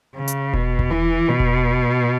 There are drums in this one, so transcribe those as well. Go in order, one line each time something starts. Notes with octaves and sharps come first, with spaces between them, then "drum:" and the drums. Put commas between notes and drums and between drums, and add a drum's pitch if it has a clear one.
C#3
drum: hi-hat
B2, drum: kick E1
drum: kick E1
E3
B2
drum: kick E1